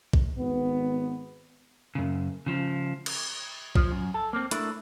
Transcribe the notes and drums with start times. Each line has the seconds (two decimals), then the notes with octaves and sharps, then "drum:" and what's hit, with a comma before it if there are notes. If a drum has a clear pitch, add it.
0.13 drum: kick B1
0.38 G#1 B3
1.95 F#2 C#3
2.46 C#3 F3
3.06 drum: cymbal
3.75 F3, drum: kick B1
3.92 F#2
4.14 A4
4.33 A#3 C4
4.51 A3 D4 E4 A4 A#4, drum: hi-hat